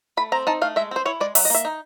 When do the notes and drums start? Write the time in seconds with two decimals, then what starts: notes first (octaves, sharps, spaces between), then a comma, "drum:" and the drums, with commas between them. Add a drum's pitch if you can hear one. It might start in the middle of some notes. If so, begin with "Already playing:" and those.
0.17 A3 B5
0.32 C4 A#5
0.47 D#4 A5
0.62 A3 F5
0.76 G#3 E5
0.91 C4 C5
1.05 E4 C#5
1.20 G#3 D5
1.35 F#3 E5, drum: open hi-hat
1.45 D#5
1.50 A#3 E5
1.65 D#4